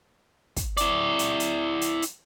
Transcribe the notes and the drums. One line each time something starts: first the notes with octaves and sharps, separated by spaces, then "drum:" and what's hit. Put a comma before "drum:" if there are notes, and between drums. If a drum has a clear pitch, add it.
drum: kick, hi-hat
E4 D5, drum: hi-hat
drum: hi-hat
drum: hi-hat
drum: hi-hat
drum: hi-hat